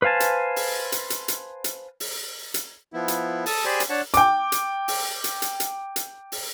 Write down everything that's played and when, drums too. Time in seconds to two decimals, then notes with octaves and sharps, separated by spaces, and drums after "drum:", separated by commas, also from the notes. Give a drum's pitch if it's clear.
0.02 B4 C5 F5 G#5 A5
0.20 drum: hi-hat
0.56 drum: open hi-hat
0.92 drum: hi-hat
1.10 drum: hi-hat
1.28 drum: hi-hat
1.64 drum: hi-hat
2.00 drum: open hi-hat
2.54 drum: hi-hat
2.93 F3 B3 E4
3.08 drum: hi-hat
3.46 A4 A5 D#6, drum: open hi-hat
3.65 G4 G#4 C5 D5 G#5 B5
3.80 drum: hi-hat
3.90 D4 C#5 F#5 A5
4.14 G5 D6, drum: hi-hat
4.52 drum: hi-hat
4.88 drum: open hi-hat
5.24 drum: hi-hat
5.42 drum: hi-hat
5.60 drum: hi-hat
5.96 drum: hi-hat
6.32 drum: open hi-hat